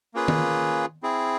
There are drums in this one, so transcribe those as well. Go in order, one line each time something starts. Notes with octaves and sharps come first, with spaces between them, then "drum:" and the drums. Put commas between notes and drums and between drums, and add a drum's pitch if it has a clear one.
A#3 C#4 F4 G#4 B4
drum: tom D#3
C4 E4 G#4